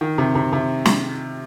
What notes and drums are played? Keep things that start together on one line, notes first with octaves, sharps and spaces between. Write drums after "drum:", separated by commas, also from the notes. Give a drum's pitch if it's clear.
D#3
C3
C3
C3
drum: snare